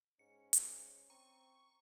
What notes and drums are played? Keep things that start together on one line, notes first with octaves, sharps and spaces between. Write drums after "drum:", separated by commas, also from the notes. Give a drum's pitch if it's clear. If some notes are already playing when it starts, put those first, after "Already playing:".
G#2 C#4 C#7
drum: hi-hat
C4 A#5 C#6